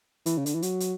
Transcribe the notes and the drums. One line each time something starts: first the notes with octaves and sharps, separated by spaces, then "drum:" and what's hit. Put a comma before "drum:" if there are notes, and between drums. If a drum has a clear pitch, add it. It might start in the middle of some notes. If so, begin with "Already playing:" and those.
E3, drum: hi-hat
C#3
D3, drum: hi-hat
E3
F#3, drum: hi-hat
drum: hi-hat